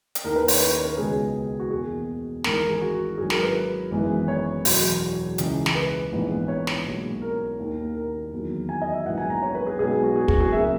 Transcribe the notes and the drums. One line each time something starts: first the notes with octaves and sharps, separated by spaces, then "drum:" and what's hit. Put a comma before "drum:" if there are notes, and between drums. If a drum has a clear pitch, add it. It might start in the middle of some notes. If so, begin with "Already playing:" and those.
drum: hi-hat
D#2 D#3 A#3 A#4
B4
C#5, drum: open hi-hat
B4
C#5
B4
C#2 B2 G#3 B3 G#4
F#4
E2 B2 A#3 G#4
G#1 G#2 E3 A#4, drum: snare
A#4
G#4
F#4
G#1 G#2 F#3 G#4
A#4, drum: snare
B4
G#1 F#2 E3 G#3 B3
C#5
E1 E2 B2 F#3, drum: open hi-hat
C#2 C#3 E3, drum: hi-hat
drum: snare
B4
A#1 G#2 E3 B3
C#5
drum: snare
B1 A#2 G#3
A#4
D#2 D#3 A#3
A#4
E2 D#3 F#3 A#3
G#5
D#5
E5
A#1 G#2 F#3 B3 F#5
G#5
A#5
C#5
B4
G#4
B1 B2 G#3 B3 G#4
G#4
F#4
G#4
F#4, drum: kick
G#4
C#3 F#3 A#3 E5